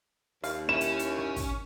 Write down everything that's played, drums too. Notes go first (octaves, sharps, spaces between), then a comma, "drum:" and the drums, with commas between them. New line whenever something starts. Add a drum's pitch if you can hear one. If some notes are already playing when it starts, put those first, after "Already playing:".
D#2 F5, drum: open hi-hat
C#4 E4 E7
drum: hi-hat
drum: hi-hat
drum: rim click
drum: kick, open hi-hat